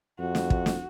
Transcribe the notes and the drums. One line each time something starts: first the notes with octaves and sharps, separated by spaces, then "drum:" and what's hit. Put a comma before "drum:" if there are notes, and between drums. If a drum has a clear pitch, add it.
F2 F#4
drum: snare
drum: kick
drum: snare